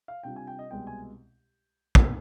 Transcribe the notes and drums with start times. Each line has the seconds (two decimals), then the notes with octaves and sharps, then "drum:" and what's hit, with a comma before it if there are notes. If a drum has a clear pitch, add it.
0.08 F5
0.23 C3 G3 D4 F4 G5
0.36 G#5
0.47 G5
0.59 D#5
0.71 C2 B2 G#3 B3 G5
0.87 G#5
1.95 drum: kick